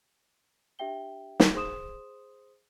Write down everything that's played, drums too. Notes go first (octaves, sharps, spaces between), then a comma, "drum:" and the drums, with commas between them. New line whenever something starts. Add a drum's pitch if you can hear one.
D4 G4 E5 G5 G7
drum: snare
G#4 C5 C6 D#6 E7